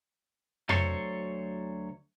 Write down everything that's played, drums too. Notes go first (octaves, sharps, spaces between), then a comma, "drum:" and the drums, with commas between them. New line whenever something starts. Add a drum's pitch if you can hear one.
D2 F#3 A4 C5 C#5, drum: tom F2